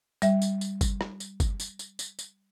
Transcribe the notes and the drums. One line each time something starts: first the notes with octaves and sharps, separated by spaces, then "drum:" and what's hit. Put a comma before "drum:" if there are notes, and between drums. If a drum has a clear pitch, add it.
G3 E5, drum: tambourine
drum: tambourine
drum: tambourine
drum: kick, tambourine
drum: rim click
drum: tambourine
drum: kick, tambourine
drum: tambourine
drum: tambourine
drum: tambourine
drum: tambourine